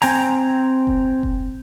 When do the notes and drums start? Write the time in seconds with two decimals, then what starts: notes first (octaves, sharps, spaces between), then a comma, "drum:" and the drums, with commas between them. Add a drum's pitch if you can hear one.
0.02 C4 G5 G#5 A#5, drum: open hi-hat
0.87 drum: kick F1
1.23 drum: kick F1